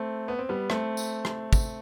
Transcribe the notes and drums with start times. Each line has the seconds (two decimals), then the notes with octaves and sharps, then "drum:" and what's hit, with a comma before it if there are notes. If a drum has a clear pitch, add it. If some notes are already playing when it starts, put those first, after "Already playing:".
Already playing: A3 C4
0.28 B3
0.39 C4
0.49 G3 B3
0.70 A3 C4, drum: rim click
0.97 drum: tambourine
1.25 drum: rim click
1.53 drum: kick, tambourine